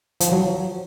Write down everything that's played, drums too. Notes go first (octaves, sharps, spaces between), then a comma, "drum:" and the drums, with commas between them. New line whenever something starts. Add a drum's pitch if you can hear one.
F3, drum: hi-hat
F#3